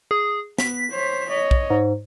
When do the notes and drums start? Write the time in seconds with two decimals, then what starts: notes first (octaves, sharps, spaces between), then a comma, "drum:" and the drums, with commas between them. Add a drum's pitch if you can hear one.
0.11 G#4
0.58 B3 B6, drum: snare
0.91 C5 C#5
1.28 C#5 D#5
1.51 drum: kick
1.70 G#2